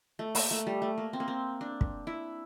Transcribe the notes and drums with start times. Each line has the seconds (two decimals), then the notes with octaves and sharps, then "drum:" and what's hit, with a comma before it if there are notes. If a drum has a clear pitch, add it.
0.19 A3
0.35 A#3, drum: open hi-hat
0.51 A3
0.67 G3
0.82 A3
0.98 A#3
1.13 C4
1.20 A#3
1.28 C4
1.61 D4
1.81 drum: kick
2.07 E4